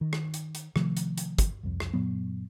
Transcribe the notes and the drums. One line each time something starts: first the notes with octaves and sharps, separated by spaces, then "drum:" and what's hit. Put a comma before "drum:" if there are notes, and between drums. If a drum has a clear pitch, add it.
D#3
drum: rim click
drum: hi-hat
drum: hi-hat
C3 D#3 F3 A3, drum: rim click
drum: hi-hat
drum: hi-hat
drum: kick, hi-hat
C2 F2
drum: rim click
F#2 A#2 F#3 B3